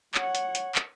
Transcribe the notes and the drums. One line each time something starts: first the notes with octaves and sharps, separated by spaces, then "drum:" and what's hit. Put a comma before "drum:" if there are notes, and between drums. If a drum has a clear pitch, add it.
C#5 F#5, drum: clap
drum: hi-hat
drum: hi-hat
drum: clap